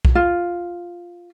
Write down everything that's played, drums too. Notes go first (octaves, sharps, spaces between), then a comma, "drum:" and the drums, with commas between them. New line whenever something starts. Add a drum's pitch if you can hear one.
drum: kick B1
F4